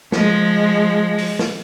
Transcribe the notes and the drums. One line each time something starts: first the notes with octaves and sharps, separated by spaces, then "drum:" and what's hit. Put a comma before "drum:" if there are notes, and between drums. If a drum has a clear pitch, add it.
F3 G#3, drum: snare
drum: open hi-hat
drum: snare